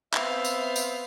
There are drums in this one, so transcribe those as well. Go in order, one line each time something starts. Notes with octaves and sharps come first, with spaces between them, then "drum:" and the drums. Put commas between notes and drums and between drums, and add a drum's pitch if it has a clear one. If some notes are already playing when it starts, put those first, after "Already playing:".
B3 C4 C5 E5 F5, drum: clap
drum: tambourine
drum: tambourine